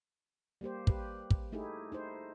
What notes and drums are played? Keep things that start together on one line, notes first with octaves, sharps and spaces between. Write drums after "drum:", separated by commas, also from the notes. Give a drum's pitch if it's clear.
G3 A#3 G4 C5
G4 B4, drum: kick
drum: kick
A3 D#4 E4 G4 G#4
D#4 E4 C5